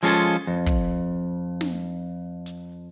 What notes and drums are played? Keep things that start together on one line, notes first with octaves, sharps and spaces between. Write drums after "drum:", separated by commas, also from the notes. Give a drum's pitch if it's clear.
F3 G#3 C#4 F4 A4
F2
drum: kick
drum: snare
drum: hi-hat